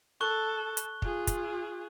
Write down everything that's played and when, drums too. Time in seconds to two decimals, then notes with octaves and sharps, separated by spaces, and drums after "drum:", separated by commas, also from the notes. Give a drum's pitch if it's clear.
0.21 A4 C#6 F#6 G7
0.77 drum: hi-hat
1.02 F4 G#4, drum: kick
1.27 drum: kick, hi-hat